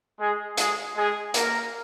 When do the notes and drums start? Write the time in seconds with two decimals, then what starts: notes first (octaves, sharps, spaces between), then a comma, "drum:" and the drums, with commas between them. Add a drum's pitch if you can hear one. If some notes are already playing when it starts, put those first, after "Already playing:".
0.19 G#3 G#4
0.57 G#3 G#4, drum: hi-hat
0.96 G#3 G#4
1.34 A#3 A#4, drum: hi-hat